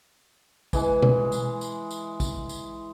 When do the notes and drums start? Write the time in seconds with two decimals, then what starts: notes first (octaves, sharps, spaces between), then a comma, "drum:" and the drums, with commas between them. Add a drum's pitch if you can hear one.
0.73 E3 G#3, drum: kick, tambourine
1.02 drum: tom B2
1.32 drum: tambourine
1.61 drum: tambourine
1.91 drum: tambourine
2.20 drum: kick, tambourine
2.49 drum: tambourine